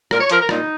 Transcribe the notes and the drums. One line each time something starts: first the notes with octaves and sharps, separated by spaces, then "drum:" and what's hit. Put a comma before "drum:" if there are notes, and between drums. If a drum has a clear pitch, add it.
A#2 A#4, drum: rim click
C#5
F3 A#4, drum: hi-hat
A#4
A#2 D#4, drum: rim click